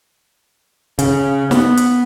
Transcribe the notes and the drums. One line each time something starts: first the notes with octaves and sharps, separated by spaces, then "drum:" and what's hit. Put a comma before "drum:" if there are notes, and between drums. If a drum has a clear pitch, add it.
C#3, drum: hi-hat
B3, drum: snare
drum: hi-hat